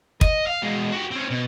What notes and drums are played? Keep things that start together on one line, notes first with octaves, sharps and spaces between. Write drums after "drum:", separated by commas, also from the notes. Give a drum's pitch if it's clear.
D#5, drum: kick
F5
B2 G#3
F#4 G4
C4 C#4
B2